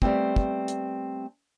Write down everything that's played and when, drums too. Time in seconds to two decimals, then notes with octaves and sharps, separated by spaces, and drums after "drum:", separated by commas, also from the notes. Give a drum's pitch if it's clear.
0.02 G3 A3 B3 C4, drum: kick
0.36 drum: kick
0.68 drum: hi-hat